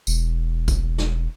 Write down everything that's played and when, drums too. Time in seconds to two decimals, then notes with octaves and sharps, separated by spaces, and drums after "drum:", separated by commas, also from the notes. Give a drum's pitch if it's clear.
0.07 E1, drum: tambourine
0.68 drum: kick A#1, tambourine
0.98 drum: snare